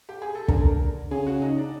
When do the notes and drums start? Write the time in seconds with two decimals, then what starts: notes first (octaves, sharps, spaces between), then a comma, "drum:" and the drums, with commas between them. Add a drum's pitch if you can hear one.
0.09 G4
0.22 G#4
0.35 A4
0.48 D3 A#4, drum: kick
1.11 C#3 G#4
1.27 F#4
1.42 D#4
1.58 D4